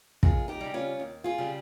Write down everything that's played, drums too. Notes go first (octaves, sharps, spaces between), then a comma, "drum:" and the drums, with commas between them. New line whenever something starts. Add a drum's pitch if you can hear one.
D#2 F4 G#4, drum: kick
D#4 G4
C#3 G3
C#4 F4
D#2
F4 G#4
C#3 G3